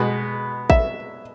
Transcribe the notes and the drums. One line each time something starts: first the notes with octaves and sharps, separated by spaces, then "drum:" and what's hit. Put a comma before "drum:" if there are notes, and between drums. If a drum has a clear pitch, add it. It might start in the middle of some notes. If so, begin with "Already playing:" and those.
Already playing: B2 G#3 B3
E5, drum: kick A1